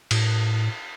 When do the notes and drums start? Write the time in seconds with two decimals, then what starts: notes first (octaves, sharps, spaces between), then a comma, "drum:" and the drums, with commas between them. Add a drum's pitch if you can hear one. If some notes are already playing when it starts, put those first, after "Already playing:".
0.11 A2, drum: cymbal